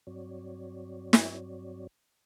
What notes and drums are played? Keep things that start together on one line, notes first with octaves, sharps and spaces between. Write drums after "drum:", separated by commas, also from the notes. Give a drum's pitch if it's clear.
G2 F#3 C4 F#4 C#5 D5
drum: snare